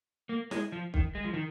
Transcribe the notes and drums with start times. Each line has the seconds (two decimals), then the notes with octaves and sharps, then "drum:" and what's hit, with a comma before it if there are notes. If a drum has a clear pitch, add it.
0.29 A#3
0.51 G#3, drum: snare
0.72 F3
0.94 D#3, drum: kick
1.15 G#3
1.25 F3
1.34 D#3